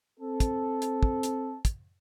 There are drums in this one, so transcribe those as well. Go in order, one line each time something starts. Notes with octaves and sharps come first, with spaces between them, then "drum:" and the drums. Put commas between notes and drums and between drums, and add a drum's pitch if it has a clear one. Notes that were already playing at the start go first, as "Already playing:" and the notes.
C4 A4
drum: kick, hi-hat
drum: hi-hat
drum: kick
drum: hi-hat
drum: kick, hi-hat